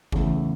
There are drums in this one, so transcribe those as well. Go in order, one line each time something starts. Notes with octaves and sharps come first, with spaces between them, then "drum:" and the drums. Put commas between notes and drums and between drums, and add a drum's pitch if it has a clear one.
E2 C#3 E3 A3, drum: kick G1